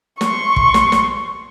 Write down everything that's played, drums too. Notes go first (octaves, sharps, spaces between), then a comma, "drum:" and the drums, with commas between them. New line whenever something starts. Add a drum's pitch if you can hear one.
C6 C#6, drum: snare
drum: kick
drum: snare
drum: snare